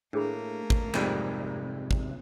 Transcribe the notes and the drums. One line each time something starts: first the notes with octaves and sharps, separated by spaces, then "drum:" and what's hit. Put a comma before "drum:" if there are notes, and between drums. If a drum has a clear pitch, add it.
A2 A3 A#3 D4 G#4 B5
drum: kick
F2 G#2 C3 G3, drum: clap
drum: kick